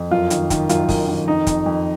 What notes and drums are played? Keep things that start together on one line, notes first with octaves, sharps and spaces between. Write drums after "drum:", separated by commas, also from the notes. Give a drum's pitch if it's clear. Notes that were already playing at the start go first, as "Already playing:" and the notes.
Already playing: F2
F#2 F4
D#3, drum: hi-hat
D#3, drum: kick, hi-hat
F#2 F4, drum: hi-hat
F#2, drum: kick, open hi-hat
D#3
F2 D#4
F2, drum: kick, hi-hat
F2